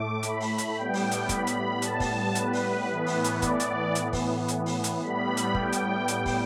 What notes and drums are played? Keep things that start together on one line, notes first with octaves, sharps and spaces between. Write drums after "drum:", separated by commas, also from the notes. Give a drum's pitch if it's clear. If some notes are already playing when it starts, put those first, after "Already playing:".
Already playing: A2 A3 D6
B5, drum: hi-hat
drum: open hi-hat
drum: hi-hat
A2 G3 B3 G5
drum: open hi-hat
drum: hi-hat
B5, drum: kick, hi-hat
drum: hi-hat
A5, drum: hi-hat
drum: kick, open hi-hat
B4, drum: hi-hat
drum: open hi-hat
A2 E3 B3
drum: open hi-hat
drum: hi-hat
D5, drum: kick, hi-hat
drum: hi-hat
drum: hi-hat
drum: kick, open hi-hat
drum: hi-hat
drum: open hi-hat
drum: hi-hat
A2 G3 B3 B5
drum: hi-hat
G5, drum: kick
drum: hi-hat
drum: hi-hat
drum: kick, open hi-hat